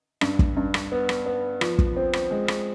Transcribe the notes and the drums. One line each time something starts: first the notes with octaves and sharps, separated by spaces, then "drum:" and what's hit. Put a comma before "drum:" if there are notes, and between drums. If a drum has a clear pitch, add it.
G2, drum: rim click
drum: kick
G2
drum: rim click
B3
drum: rim click
B3
F3, drum: rim click
drum: kick
C4
drum: rim click
G#3
drum: rim click